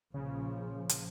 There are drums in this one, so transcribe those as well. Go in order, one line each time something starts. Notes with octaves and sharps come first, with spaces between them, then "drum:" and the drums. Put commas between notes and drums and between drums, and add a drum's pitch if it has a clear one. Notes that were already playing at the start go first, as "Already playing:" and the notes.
A#1 C#3 F3
drum: hi-hat